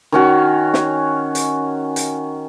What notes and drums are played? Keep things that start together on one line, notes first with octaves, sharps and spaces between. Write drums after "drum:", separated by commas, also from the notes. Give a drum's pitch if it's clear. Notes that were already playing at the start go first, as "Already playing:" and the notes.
D#3 C#4 F#4
drum: snare
drum: hi-hat
drum: hi-hat